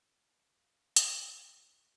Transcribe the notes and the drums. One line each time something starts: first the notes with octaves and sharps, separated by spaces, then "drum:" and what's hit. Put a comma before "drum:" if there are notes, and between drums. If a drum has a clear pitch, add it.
F4
drum: hi-hat
F#4